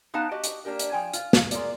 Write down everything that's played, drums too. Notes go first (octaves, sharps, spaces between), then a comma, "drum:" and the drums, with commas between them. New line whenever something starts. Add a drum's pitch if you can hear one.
B3 D#4 B4 F5 F#5 A5
F#4 G4 D#5
drum: hi-hat
A#3 D4 G4 A#4
drum: hi-hat
F3 F#3 G5 G#5
F4, drum: hi-hat
drum: snare
F4 G#4 A#4 D5, drum: hi-hat